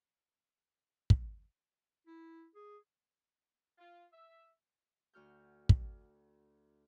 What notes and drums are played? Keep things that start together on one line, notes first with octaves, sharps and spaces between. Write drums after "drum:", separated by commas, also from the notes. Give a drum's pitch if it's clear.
drum: kick
E4
G#4
F4
E5
D2 F#4 F6 G6
drum: kick